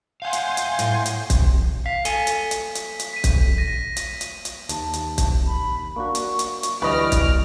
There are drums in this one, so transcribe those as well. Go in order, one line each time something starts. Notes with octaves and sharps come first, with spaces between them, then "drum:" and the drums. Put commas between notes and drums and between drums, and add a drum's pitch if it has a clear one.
F5 F#5 G#5 C6 G6
drum: hi-hat
drum: hi-hat
A2, drum: hi-hat
drum: hi-hat
drum: kick, hi-hat
F5 B6
A4 G#5, drum: hi-hat
drum: hi-hat
drum: hi-hat
drum: hi-hat
drum: hi-hat
B6 D#7
drum: kick, hi-hat
A#6 D#7
drum: hi-hat
drum: hi-hat
drum: hi-hat
D#2 A5, drum: hi-hat
drum: hi-hat
drum: kick, hi-hat
B5
A#3 D4 F#4 C#6
drum: hi-hat
drum: hi-hat
drum: hi-hat
D2 E3 G3 B4 D5 D#5 F6 A#6
drum: kick, hi-hat